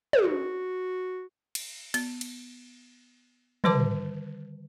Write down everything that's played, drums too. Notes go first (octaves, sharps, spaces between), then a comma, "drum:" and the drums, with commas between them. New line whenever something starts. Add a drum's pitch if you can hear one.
drum: tom
F#4
drum: cymbal
B3, drum: cymbal
drum: cymbal
D3 D#3 G3 B4 A5 D6, drum: tom